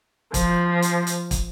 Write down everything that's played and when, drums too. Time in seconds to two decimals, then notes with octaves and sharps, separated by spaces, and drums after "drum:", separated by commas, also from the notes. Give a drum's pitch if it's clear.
0.34 F3, drum: kick, hi-hat
0.82 drum: hi-hat
1.07 drum: hi-hat
1.31 drum: kick, hi-hat